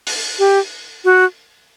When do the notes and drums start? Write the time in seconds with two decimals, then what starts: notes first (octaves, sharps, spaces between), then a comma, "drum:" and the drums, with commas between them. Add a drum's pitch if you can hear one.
0.07 drum: open hi-hat
0.39 G4
1.05 F#4